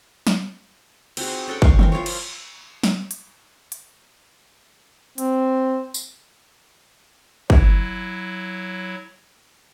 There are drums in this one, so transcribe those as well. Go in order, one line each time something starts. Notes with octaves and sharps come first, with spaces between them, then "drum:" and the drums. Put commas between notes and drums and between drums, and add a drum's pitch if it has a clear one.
drum: snare
C4 D#4 F#4 G#4, drum: cymbal
C#4 A4 F#5 G5
F5 C#6, drum: kick
E3 C4 A#4, drum: tom D#3
F3 F4 A#4 C#5
drum: cymbal
drum: snare
drum: hi-hat
drum: hi-hat
C4, drum: hi-hat
drum: tambourine
F#3 E4, drum: kick